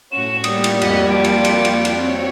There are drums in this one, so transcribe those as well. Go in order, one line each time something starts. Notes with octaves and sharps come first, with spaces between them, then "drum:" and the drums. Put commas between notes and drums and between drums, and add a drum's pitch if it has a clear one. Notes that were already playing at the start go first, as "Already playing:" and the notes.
A2 C#4 F#4 E7
G3 A#3 D#6, drum: cymbal
drum: cymbal
F2 A#3 F#4 D#5 F#5 G#6 B6, drum: cymbal
F2 F4 A5 D7
drum: cymbal
drum: cymbal
drum: cymbal
drum: cymbal
C4 F#4 C#5